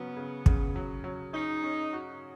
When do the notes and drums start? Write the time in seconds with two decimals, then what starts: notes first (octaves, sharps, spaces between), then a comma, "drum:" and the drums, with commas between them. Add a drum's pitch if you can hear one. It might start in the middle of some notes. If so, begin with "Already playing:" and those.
Already playing: C#3 F#3 B3 C#4
0.17 C#3
0.46 C#3, drum: kick
0.76 F#3
1.04 F#3
1.33 C#4 D#4
1.63 C#4
1.93 F#4